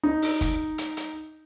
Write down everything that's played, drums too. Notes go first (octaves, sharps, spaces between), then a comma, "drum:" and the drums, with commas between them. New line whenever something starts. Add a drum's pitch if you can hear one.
D#4
drum: open hi-hat
drum: kick, hi-hat
drum: hi-hat
drum: hi-hat